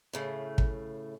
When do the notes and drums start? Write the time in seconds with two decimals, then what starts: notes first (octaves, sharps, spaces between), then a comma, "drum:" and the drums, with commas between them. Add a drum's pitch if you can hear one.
0.13 A2 C#3 A3
0.58 drum: kick